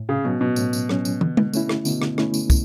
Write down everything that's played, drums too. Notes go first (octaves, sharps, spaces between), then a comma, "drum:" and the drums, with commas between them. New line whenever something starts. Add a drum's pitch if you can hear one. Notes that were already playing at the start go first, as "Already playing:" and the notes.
Already playing: A2
C#3
B2 F#3 C#4
B2
A2, drum: tambourine
drum: tambourine
F#3 C#4, drum: rim click
drum: tambourine
D3, drum: tom
drum: tom G#3
A3 C#4 E4, drum: tambourine
drum: rim click
B2 D3, drum: tambourine
drum: rim click
A3 C#4 E4, drum: rim click
drum: tambourine
drum: kick, tambourine